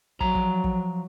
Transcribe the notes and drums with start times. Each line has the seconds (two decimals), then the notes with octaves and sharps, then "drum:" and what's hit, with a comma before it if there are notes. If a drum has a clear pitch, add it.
0.21 F3 F#3 A#5, drum: kick
0.35 drum: kick
0.64 drum: kick